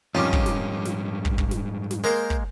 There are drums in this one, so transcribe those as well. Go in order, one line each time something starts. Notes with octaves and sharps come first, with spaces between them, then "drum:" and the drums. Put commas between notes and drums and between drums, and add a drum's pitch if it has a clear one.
F2 G#2 D#3 G3 C#4 F4 D6
drum: kick
drum: snare
drum: snare
drum: kick
drum: kick
drum: snare
drum: snare
G#3 A#3 A#4 C5
drum: kick